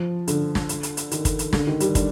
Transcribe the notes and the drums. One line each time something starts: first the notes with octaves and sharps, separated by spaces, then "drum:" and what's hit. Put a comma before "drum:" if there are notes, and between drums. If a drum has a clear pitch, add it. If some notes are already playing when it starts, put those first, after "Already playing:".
Already playing: F3
D3, drum: hi-hat
drum: snare
drum: hi-hat
drum: hi-hat
drum: hi-hat
D#3, drum: hi-hat
drum: kick, hi-hat
drum: hi-hat
D3, drum: snare
D#3
G3, drum: hi-hat
D4, drum: kick, hi-hat